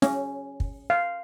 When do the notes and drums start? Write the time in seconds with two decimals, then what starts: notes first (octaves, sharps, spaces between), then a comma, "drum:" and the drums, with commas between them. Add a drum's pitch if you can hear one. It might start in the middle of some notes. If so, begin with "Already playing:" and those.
0.02 C#4, drum: snare
0.60 drum: kick
0.90 F5